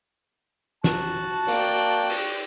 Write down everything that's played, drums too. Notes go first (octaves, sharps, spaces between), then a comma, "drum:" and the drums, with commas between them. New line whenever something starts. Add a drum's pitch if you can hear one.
F#4 A5, drum: snare
A#3 D5 G5, drum: hi-hat
drum: cymbal